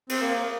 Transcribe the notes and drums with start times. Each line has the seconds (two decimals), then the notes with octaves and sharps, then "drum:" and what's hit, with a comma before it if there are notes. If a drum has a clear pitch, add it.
0.09 C4, drum: cymbal
0.20 A#3